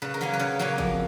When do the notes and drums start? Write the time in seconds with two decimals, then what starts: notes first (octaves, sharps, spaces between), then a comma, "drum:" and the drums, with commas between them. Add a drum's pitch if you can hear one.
0.02 C#3 B4
0.14 A#4
0.21 F#3 A#3 C#4 B4
0.34 B4
0.39 C#3 C#5
0.59 F#3 A#3 C#4
0.78 F2, drum: kick